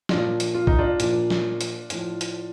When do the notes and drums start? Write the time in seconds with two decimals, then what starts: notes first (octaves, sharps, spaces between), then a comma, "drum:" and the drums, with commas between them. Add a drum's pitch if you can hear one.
0.09 A#2 F3 D4 F4, drum: snare
0.40 drum: hi-hat
0.54 F4
0.67 D#4, drum: kick
0.79 D4 F4
1.00 A#2 F3, drum: hi-hat
1.30 drum: snare
1.61 drum: hi-hat
1.90 A2 F3, drum: hi-hat
2.21 drum: hi-hat